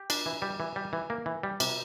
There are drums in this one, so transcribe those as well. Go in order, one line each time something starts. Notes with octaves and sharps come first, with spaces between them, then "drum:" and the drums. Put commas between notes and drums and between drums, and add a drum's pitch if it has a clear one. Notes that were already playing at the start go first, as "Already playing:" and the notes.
Already playing: G4
D4, drum: cymbal
E3
G3
E3
G3
E3
A#3
E3
G3
C3, drum: cymbal